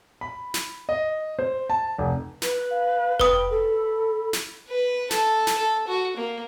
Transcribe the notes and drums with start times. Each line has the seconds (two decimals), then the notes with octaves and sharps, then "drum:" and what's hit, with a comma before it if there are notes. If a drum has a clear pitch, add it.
0.21 B5
0.54 drum: snare
0.89 D#5
1.39 C5
1.70 A5
1.98 F1
2.42 B4, drum: snare
2.71 F5
3.20 B4 G5 B5 D#6, drum: kick F1
3.49 A4
4.33 drum: snare
4.68 B4
5.11 A4, drum: snare
5.47 drum: snare
5.58 A4
5.87 F#4
6.17 A#3